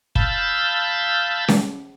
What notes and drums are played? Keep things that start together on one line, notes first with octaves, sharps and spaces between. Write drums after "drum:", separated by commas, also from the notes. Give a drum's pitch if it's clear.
F5 A5 B5 E6 G6, drum: kick
drum: snare C#4